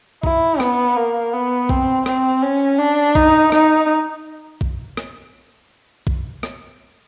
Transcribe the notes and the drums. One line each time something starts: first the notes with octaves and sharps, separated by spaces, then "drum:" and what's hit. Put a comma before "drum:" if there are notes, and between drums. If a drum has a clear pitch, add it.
E4, drum: kick
B3, drum: rim click
A#3
B3
C4, drum: kick
C4, drum: rim click
C#4
D4
D#4, drum: kick
D#4, drum: rim click
drum: kick
drum: rim click
drum: kick
drum: rim click